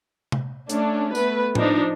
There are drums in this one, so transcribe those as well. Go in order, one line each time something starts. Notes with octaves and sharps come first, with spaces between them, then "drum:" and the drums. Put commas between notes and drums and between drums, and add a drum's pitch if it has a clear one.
drum: tom C3
A3 C#4 D4, drum: hi-hat
A3 B3 B4, drum: tambourine
F3 D4 D#4, drum: tom A2